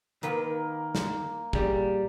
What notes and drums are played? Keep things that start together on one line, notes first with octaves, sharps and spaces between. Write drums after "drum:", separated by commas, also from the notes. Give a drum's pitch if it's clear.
D#3 A#3 B4, drum: hi-hat
drum: snare
A#2 G3 G#4, drum: kick